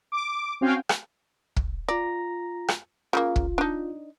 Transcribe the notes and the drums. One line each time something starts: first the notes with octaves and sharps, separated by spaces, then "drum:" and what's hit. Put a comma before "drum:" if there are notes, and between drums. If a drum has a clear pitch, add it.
D6
C4 C#4 F#4 F5 G5 G#5
drum: rim click
drum: kick
F4 D5 A#5 A#6
drum: rim click
C#3 F3 A#3 F4
drum: kick
D4 D#4